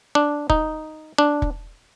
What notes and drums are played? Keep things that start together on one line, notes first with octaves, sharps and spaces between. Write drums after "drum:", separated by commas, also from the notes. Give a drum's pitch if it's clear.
D4
D#4, drum: kick
D4
drum: kick